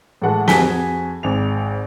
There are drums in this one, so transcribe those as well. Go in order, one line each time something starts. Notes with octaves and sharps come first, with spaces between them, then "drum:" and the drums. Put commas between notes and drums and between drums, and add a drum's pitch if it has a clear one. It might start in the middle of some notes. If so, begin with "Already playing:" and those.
A2 E3 G#3 F#5 A5
F2 F#4 G#4 G#5 B6 G7, drum: snare
G#1 G#2 F7